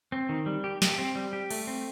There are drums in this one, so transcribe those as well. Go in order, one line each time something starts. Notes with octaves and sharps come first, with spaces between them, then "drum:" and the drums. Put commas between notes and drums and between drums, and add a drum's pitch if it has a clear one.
C4
D#3
G3
G4
G4, drum: snare
C4
G3
G4
A3, drum: cymbal
C4